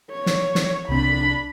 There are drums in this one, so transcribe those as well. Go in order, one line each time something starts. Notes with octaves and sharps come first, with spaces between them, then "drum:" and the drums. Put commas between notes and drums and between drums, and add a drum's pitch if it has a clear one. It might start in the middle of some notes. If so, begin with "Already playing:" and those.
C#5
drum: snare
drum: snare
C2 C4 D4 B5